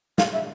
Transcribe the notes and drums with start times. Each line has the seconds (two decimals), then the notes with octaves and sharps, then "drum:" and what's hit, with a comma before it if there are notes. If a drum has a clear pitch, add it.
0.18 F5, drum: snare
0.33 E5